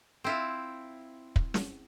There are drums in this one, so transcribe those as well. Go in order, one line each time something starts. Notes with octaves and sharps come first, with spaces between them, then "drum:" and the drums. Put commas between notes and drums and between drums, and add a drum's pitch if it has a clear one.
C4 E4 F4
drum: kick
drum: snare